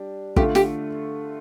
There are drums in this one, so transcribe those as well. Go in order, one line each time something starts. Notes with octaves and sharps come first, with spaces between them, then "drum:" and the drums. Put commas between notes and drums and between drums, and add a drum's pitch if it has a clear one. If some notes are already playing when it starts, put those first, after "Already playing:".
Already playing: G3 D4
D3 A3 F4 G4, drum: kick
G4, drum: snare